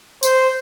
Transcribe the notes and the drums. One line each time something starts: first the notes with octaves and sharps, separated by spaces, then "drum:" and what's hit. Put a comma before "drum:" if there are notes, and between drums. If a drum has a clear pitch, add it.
C5, drum: tambourine